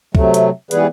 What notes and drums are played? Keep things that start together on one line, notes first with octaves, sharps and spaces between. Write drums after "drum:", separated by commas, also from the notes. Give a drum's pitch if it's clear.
C3 F#3 A3, drum: kick
drum: hi-hat
G#2 E3 G3 B3 G#4 B4, drum: hi-hat